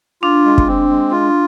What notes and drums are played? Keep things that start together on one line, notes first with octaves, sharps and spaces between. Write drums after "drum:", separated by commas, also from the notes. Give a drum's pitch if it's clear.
D4 F4
G#3
drum: kick
C4
G#3
F4